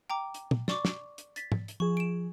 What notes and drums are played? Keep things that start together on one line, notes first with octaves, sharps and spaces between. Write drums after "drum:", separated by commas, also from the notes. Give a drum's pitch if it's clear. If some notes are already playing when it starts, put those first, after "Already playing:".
G5 A#5 D6
drum: hi-hat
drum: tom
D5 C#6 D6, drum: snare
drum: snare
drum: hi-hat
A6 B6, drum: hi-hat
drum: tom G#2
drum: hi-hat
F3 G#4 C#6
D7 E7